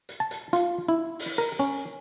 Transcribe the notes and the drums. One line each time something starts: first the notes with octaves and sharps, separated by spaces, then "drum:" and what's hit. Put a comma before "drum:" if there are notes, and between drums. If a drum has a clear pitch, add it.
drum: hi-hat
A5
drum: hi-hat
F4, drum: hi-hat
E4
drum: open hi-hat
A#4
C#4